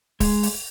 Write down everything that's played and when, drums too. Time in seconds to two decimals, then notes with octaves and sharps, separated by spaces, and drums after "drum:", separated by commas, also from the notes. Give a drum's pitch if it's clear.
0.20 G#3, drum: kick D1, open hi-hat
0.43 drum: open hi-hat